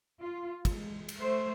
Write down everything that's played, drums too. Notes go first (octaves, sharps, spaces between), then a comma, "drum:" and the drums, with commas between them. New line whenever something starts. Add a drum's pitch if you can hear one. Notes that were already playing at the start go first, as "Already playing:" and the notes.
F4
G#3, drum: kick, cymbal
drum: cymbal
A3 C5